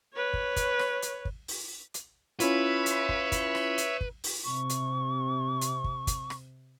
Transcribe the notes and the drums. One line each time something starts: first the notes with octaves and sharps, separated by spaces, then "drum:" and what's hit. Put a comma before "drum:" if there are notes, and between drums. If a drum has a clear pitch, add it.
B4 C#5
drum: kick
drum: kick, hi-hat
drum: rim click
drum: hi-hat
drum: kick
drum: open hi-hat
drum: hi-hat
C#4 E4 F4 B4 C#5 E5, drum: hi-hat
drum: hi-hat
drum: kick
drum: kick, hi-hat
drum: rim click
drum: hi-hat
drum: kick
drum: open hi-hat
C3 C#6
drum: hi-hat
drum: hi-hat
drum: kick
drum: kick, hi-hat
drum: rim click